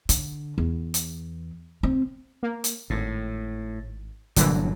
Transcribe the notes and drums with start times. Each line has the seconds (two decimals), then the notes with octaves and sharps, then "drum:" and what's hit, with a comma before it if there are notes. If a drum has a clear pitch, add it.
0.09 D3, drum: hi-hat
0.58 E2
0.94 drum: hi-hat
1.83 C4
2.43 A#3
2.64 drum: hi-hat
2.90 G#1 A2
4.36 G1 A#2 D3 E3 F#3, drum: hi-hat